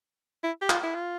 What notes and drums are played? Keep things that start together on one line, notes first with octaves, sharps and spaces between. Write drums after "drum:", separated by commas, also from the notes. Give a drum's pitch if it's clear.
E4
G4
F4, drum: clap
E4
F4